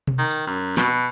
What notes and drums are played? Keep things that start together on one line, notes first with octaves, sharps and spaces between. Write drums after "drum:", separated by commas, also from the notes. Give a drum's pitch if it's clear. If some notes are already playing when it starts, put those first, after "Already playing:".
drum: tom B2
D#3
drum: tambourine
F#2
B2, drum: snare